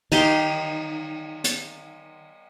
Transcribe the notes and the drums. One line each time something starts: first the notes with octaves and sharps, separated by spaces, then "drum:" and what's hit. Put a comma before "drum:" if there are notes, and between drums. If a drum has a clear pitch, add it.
D#3 D#4 G4 C6, drum: cymbal
drum: hi-hat